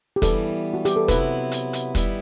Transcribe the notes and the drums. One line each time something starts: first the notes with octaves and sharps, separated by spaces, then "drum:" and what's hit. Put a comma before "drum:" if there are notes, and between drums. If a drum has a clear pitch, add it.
G4
E3 G3 B3 A4, drum: kick, hi-hat
F#4
G4, drum: hi-hat
A4
C3 F#3 B3 E4 B4, drum: kick, hi-hat
drum: hi-hat
drum: hi-hat
D#3 G3 B3 E4, drum: kick, hi-hat